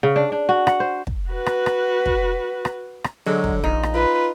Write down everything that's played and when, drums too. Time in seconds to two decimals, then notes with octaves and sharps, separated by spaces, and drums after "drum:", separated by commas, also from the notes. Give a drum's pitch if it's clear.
0.03 C#3
0.16 D4
0.32 D4
0.49 F#4
0.67 F#5, drum: rim click
0.80 C5
1.07 drum: kick
1.31 F#4 B4
1.46 drum: rim click
1.66 drum: rim click
2.06 drum: kick
2.65 drum: rim click
3.04 drum: rim click
3.26 D3 F#3 G#3
3.44 drum: kick
3.64 A#1 D#4
3.83 drum: rim click
3.94 F4 B4